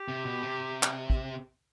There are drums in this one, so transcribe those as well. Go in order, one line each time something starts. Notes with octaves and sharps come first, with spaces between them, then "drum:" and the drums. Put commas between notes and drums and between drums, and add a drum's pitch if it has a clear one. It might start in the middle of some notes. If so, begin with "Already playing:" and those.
Already playing: G4
C3
B2
C3
drum: clap
drum: kick